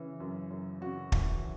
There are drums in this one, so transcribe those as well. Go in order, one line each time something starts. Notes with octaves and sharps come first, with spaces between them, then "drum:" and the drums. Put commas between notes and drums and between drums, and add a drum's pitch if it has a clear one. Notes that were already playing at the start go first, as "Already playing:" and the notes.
Already playing: C#3 E3
F#2
F#2
C#3 F#4
E3, drum: kick